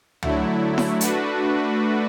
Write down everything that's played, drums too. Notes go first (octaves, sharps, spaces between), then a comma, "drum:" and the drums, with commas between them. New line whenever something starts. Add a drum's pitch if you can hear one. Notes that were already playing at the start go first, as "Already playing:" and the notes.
D3 F#3 A3 E4, drum: tom
drum: snare E4
A3 D4 F#4 B4, drum: hi-hat